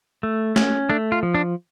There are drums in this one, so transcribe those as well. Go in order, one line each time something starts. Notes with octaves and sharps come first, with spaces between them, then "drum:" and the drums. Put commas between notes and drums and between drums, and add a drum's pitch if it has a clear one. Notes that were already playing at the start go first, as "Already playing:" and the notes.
A3
C#4, drum: snare
A3 D4
F4
F3
D4